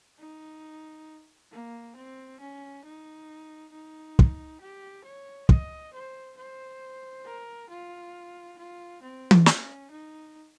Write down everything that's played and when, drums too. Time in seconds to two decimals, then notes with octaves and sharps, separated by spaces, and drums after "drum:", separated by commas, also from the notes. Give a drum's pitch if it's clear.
0.19 D#4
1.52 A#3
1.96 C4
2.40 C#4
2.84 D#4
3.72 D#4
4.19 drum: kick
4.61 G4
5.04 C#5
5.49 D#5, drum: kick
5.94 C5
6.37 C5
7.25 A#4
7.70 F4
8.58 F4
9.02 C4
9.31 drum: tom E3
9.46 C#4, drum: snare
9.91 D#4